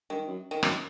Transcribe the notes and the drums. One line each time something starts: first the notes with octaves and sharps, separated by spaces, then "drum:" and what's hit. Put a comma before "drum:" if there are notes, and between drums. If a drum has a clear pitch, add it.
G2 D#3
F#2
D#3
F#2, drum: rim click